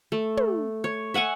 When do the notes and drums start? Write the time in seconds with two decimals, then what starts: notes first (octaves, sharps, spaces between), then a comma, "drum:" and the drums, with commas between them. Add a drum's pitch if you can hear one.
0.12 A3
0.37 drum: tom
0.84 C#5
1.14 E5 F#5 G#5 C#6